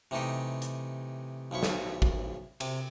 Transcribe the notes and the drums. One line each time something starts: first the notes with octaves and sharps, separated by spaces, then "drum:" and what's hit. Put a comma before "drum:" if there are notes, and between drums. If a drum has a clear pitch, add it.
C3 E3 A3 D#4 G4
drum: hi-hat
B1 F3 E4 C#6
drum: snare
drum: kick G#1
C3, drum: cymbal